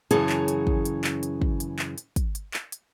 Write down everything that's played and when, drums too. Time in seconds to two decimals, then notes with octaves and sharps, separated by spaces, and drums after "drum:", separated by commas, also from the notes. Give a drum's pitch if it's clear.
0.11 F#2 C#3 E3 G#4 C#5 A5, drum: hi-hat
0.29 drum: clap
0.48 drum: hi-hat
0.67 drum: kick
0.85 drum: hi-hat
1.04 drum: clap
1.23 drum: hi-hat
1.42 drum: kick
1.60 drum: hi-hat
1.79 drum: clap
1.98 drum: hi-hat
2.16 drum: kick, hi-hat
2.35 drum: hi-hat
2.54 drum: clap
2.72 drum: hi-hat